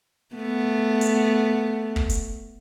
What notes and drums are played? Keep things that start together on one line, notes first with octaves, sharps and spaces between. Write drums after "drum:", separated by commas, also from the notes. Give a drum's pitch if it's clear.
A3 B3
drum: hi-hat
drum: kick
drum: hi-hat